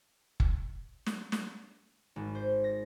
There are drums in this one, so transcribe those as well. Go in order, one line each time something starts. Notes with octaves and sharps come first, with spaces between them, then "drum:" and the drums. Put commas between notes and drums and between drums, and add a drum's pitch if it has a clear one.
drum: kick F#1
drum: snare
drum: snare
G#1
C5
A#6